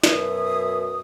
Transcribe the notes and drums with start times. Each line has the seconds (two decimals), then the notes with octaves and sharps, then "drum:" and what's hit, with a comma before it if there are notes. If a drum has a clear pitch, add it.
0.04 F#2 B2 E5 D#6, drum: snare